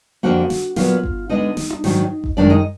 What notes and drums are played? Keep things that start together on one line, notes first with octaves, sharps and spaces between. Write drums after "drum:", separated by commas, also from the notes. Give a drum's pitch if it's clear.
F2 D3 F3 A#3 F#4 F#5
drum: snare
A#2 F#3 B3 F4 F5, drum: snare
drum: kick G1
D2 D3 G#3 B3 D4 D#4 D#5
drum: snare
drum: tom D4
G#2 D#3 F#3 D4, drum: snare
drum: kick G1
F#2 D#3 G#3 D4 D5
D#4 D#5